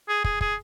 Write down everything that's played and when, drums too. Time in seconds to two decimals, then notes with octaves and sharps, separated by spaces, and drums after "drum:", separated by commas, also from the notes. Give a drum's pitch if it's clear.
0.08 G#4
0.24 G#4, drum: kick
0.41 G#4, drum: kick